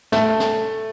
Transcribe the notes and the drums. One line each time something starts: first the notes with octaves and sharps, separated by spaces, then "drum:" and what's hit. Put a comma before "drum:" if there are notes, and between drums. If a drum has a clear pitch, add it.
A3, drum: snare
drum: snare